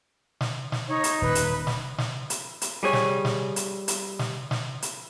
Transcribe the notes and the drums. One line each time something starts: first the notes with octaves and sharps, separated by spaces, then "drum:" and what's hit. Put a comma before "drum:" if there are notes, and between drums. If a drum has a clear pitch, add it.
drum: snare
drum: snare
D#4 C#5
drum: hi-hat
D#1 B4
drum: hi-hat
drum: snare
drum: snare
drum: hi-hat
drum: hi-hat
G3 G#4 C#5
drum: snare
drum: snare
drum: hi-hat
drum: hi-hat
drum: snare
drum: snare
drum: hi-hat